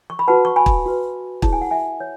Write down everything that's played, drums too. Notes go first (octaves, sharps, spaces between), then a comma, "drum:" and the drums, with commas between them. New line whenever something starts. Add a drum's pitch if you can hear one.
C#6
B5
F#4 B4 F#5 A5
C#6
G#5 B5
drum: kick
F#4 B4
E4 G#4 C#5 A5, drum: kick
G#5
F#5
E5 G#5
C#5